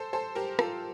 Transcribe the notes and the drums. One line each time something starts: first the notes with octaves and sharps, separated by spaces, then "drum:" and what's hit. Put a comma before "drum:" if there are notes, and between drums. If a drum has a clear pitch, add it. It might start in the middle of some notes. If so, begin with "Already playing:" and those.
Already playing: A4 C5
A4 C5
G4 A#4
F4 A4, drum: rim click